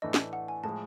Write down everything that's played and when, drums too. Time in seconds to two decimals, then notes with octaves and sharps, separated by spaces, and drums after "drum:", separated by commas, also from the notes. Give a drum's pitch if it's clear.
0.02 A2 E3 A3 D4 D#5
0.14 drum: snare
0.33 F#5
0.48 G#5
0.63 A2 F3 G#3 A5